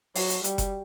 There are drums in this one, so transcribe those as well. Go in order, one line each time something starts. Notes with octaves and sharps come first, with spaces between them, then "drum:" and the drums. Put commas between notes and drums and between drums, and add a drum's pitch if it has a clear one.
F#3, drum: open hi-hat
drum: hi-hat
G3, drum: hi-hat
drum: kick F#1, hi-hat